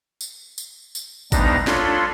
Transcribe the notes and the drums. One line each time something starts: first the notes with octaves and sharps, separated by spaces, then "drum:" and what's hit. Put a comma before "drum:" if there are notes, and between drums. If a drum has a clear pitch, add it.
drum: tambourine
drum: tambourine
drum: tambourine
D2 G3 B3 D4 D#4 A#5, drum: kick G#1, tambourine
D4 F4 A4 C#5 B5 C6, drum: snare